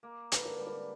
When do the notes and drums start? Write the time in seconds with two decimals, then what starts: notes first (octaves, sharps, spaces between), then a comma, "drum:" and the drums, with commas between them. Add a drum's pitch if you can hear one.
0.03 A#3
0.32 D3 B4, drum: hi-hat
0.45 A#4
0.57 G3 B4
0.67 A#4